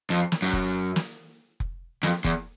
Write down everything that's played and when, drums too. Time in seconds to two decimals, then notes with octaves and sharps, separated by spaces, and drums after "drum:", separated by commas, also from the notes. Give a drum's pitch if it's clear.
0.10 F2
0.32 drum: snare
0.42 F#2
0.53 drum: kick F1
0.96 drum: snare
1.60 drum: kick F1
2.03 F2, drum: snare
2.24 E2, drum: kick F1